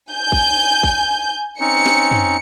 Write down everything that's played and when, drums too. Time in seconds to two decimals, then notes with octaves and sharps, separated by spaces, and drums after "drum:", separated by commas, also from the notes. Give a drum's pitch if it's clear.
0.11 G#5 G6
0.32 drum: kick A1
0.83 drum: kick A1
1.60 C4 C#4 D#4 C#7
1.86 drum: snare
2.11 drum: tom